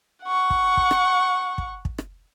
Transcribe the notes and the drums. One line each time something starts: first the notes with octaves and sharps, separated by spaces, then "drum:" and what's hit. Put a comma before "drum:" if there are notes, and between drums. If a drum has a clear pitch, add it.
F#5 C#6
drum: kick
drum: kick
drum: rim click
drum: kick
drum: kick
drum: rim click